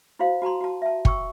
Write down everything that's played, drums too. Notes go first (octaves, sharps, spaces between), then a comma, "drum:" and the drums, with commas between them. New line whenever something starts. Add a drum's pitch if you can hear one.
E4 F#4 C5 F5
F#4 A5 A#5 C6
F#4 A5
E5 A5
G5 C#6 E6, drum: kick